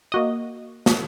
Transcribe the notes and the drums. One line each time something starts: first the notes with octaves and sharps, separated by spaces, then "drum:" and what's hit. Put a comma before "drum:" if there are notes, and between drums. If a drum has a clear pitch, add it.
A#3 F#4 D#5
drum: snare